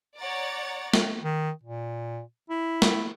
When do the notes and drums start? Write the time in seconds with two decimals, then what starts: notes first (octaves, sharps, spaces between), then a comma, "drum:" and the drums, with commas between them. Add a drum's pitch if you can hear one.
0.18 C#5 D5 F#5 A#5 A6
0.94 drum: snare
1.23 D#3
1.63 A#2
2.49 E4
2.82 drum: snare